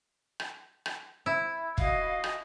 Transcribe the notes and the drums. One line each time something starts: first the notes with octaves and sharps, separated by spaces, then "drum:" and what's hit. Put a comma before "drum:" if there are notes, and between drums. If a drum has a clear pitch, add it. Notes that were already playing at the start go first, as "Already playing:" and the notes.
drum: rim click
drum: rim click
E4
F#4 D#5 F5, drum: kick
drum: rim click